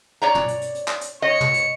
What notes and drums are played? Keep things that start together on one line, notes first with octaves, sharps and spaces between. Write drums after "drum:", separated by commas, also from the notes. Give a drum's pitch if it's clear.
C#5 D5 A#5
drum: tom
drum: hi-hat
drum: hi-hat
drum: hi-hat
drum: clap
drum: hi-hat
C#5 D#5 C#7
drum: tom
drum: hi-hat